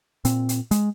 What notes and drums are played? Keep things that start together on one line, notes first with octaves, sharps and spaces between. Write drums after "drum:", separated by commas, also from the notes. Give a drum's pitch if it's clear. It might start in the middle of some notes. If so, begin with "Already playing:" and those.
A#2 C4, drum: hi-hat
drum: hi-hat
G#3, drum: hi-hat